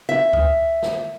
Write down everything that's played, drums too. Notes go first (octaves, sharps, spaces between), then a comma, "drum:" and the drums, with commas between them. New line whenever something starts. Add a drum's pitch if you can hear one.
E5
drum: kick C#2
drum: snare